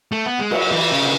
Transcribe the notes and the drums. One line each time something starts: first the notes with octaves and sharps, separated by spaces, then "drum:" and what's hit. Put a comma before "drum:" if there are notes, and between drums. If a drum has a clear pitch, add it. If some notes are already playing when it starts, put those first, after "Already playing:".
A3
B3
G#3
F#3, drum: cymbal
E3
C#3
D3